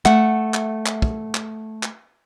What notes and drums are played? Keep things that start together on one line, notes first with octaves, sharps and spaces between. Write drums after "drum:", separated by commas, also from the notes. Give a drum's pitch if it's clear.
A3 E5 F#5, drum: clap
drum: clap
drum: clap
drum: kick
drum: clap
drum: clap